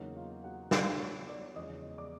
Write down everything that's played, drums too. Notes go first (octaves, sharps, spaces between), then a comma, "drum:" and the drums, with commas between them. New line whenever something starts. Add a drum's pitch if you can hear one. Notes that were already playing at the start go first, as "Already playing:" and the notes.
Already playing: E2 C#3 F#3 A#3 C#4 D#4 D#5
F4 F5
F#4 F#5
G4 G5, drum: snare
C#5 C#6
D5 D6
E2 C#3 F3 G#3 C#4 D#5 D#6
D5 D6